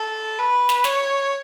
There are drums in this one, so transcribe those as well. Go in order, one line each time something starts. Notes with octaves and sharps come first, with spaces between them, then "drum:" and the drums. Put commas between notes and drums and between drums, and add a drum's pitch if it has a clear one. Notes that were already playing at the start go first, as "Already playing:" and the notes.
Already playing: A4
B4
drum: snare
C#5, drum: snare